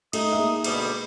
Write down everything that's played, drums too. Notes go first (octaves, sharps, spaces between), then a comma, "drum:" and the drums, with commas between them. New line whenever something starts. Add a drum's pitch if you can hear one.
A3 D#4 D#6, drum: cymbal
G#3 A#3 E5
D2 B2 G3, drum: cymbal